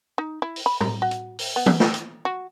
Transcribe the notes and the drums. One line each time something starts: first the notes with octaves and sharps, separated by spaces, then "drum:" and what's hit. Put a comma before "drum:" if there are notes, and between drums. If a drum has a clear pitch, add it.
D#4
E4
drum: open hi-hat
B5
A#4, drum: tom A2
F#4
drum: hi-hat
drum: open hi-hat
B3
drum: tom E3
drum: snare
drum: hi-hat
F#4